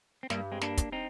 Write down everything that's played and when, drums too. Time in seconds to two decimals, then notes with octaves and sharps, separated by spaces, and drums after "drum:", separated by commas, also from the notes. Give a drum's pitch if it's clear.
0.23 C4
0.30 G2 G3 A#3, drum: snare
0.52 G#3 C4
0.61 A#3 D4, drum: snare
0.77 drum: kick, hi-hat
0.92 C4 D#4